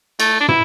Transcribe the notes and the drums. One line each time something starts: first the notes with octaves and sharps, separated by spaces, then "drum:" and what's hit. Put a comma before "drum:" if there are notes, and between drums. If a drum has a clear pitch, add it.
A3, drum: cymbal
D4
E4, drum: tom